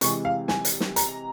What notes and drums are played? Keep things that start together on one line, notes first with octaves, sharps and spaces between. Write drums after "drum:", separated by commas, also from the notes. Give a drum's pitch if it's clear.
C3 E3 G#3 C#6, drum: hi-hat
F5
G#5, drum: snare
drum: hi-hat
drum: snare
A#5, drum: hi-hat